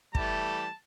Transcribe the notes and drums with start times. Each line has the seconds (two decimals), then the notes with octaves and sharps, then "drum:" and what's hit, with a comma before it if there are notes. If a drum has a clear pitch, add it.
0.15 E3 G3 A3 A5, drum: kick